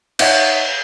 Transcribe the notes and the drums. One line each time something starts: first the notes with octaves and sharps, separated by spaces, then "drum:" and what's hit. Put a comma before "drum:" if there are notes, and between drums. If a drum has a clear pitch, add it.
D#4 C#5 D#5 E5 F#5, drum: cymbal